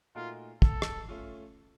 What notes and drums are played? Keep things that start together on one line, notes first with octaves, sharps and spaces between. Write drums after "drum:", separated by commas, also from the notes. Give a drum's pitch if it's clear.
A#2 A3 D#4 F4 F#4 A#4
A4, drum: kick
drum: rim click
A3 C#4 F4